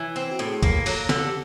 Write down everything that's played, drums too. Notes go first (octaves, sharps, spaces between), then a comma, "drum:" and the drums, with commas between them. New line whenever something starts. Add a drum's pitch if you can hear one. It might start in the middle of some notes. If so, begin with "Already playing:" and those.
Already playing: E3 C#5
C4 C5
F#4
A2
G#4
A#3 A4, drum: kick C2
F#3 A4, drum: open hi-hat
D3 A4, drum: snare
G4